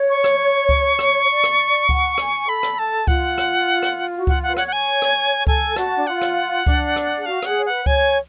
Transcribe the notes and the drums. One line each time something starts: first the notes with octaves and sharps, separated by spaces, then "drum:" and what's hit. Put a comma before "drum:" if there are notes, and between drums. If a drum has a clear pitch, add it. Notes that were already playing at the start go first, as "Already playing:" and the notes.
Already playing: C#5
C#6
drum: rim click
drum: kick C#2
drum: rim click
C#5
D5
drum: rim click
F#5, drum: kick C#2
G#5, drum: rim click
A4 B5
drum: rim click
A5
F4 F#5, drum: kick C#2
drum: rim click
drum: rim click
F#4
F4 F#5, drum: kick C#2
F#5
B4
C#5 F#5, drum: rim click
F#5
G#5
drum: rim click
A4 G#5, drum: kick C#2
F#4 A5, drum: rim click
D4
F4 F#5
drum: rim click
D4, drum: kick C#2
drum: rim click
G#4
F#4 F5
F#4, drum: rim click
G#4 F#5
C#5
B4 F#5
C#5 G#5, drum: kick C#2